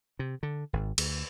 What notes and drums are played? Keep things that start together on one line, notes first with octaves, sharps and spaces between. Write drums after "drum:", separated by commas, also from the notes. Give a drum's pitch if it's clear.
C3
D3
G#1
D2, drum: cymbal